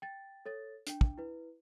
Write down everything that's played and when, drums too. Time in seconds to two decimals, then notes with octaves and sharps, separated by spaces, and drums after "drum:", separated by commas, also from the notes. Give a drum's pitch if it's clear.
0.02 G5 A6
0.46 A4 C#5 A6
0.87 D4 G5, drum: hi-hat
1.01 drum: kick
1.18 E4 B4